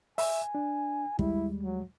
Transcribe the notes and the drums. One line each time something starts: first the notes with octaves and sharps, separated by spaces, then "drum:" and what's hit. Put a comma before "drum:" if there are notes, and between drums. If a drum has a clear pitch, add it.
E5 G#5, drum: open hi-hat
D4
D#2 G3 G#3 E4, drum: kick
F#3